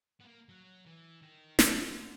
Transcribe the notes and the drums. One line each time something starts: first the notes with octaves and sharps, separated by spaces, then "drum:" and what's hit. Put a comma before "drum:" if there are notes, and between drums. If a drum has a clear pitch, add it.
B3
A#3
F#3
E3
D#3
D3, drum: snare